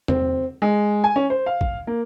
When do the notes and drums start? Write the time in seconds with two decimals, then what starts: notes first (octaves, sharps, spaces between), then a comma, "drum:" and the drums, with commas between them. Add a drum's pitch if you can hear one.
0.08 C4, drum: tom E2
0.62 G#3
1.04 G#5
1.16 C#4
1.30 C5
1.46 F5
1.61 drum: kick
1.87 A#3